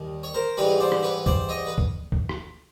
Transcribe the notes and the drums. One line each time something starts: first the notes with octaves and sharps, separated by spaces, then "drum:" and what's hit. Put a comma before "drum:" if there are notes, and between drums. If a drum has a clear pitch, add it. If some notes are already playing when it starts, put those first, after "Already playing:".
Already playing: D#2 D#3 G3
C#5
A#4 C5
G#2 E3 G3 B4 C#5
C5 D5
drum: rim click
B4 C#5
C5 D5, drum: kick C2
C#5 D#5
B4
drum: kick C2
drum: kick C2
drum: rim click